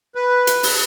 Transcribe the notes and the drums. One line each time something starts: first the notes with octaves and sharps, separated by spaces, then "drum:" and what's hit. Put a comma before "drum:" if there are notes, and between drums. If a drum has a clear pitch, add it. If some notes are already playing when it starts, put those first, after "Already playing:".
B4
drum: hi-hat
drum: open hi-hat